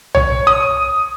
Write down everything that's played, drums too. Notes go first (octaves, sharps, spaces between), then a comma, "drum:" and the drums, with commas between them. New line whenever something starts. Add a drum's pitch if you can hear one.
C#5, drum: tom B1
D#6